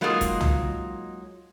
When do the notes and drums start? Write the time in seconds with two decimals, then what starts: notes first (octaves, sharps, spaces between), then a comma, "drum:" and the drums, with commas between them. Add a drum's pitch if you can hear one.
0.01 F#3 G#3 A#3 D#4 F4 G#4
0.21 drum: kick F1, hi-hat
0.41 drum: tom